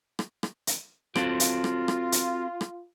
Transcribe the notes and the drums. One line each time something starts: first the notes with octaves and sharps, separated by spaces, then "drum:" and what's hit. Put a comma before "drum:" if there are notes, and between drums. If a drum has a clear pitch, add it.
drum: rim click
drum: rim click
drum: hi-hat
C4 F4 F#4 A4, drum: rim click
drum: hi-hat
drum: rim click
drum: rim click
drum: hi-hat
drum: rim click